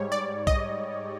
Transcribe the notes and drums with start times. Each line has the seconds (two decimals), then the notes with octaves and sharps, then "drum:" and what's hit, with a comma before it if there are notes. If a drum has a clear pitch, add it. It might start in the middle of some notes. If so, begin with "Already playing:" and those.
Already playing: G#2 G3 C#5
0.12 D5
0.47 D#5, drum: kick B1